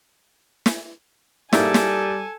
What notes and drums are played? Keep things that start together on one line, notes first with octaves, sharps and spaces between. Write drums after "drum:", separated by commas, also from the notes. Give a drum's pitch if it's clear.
drum: snare
G#2 G3 A#3 E4 A4 G#5, drum: snare
drum: snare